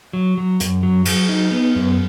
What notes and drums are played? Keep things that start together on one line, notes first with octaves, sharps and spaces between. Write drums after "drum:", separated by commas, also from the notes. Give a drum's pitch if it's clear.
F#3
F#3
F#2, drum: hi-hat
F#3
F#3, drum: cymbal
D#4
B3
F#2